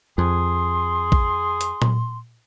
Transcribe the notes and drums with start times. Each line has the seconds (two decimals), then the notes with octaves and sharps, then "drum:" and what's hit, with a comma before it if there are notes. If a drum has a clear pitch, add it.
0.18 F2 G#4 C6
1.12 drum: kick A1
1.61 drum: hi-hat
1.82 drum: tom A#2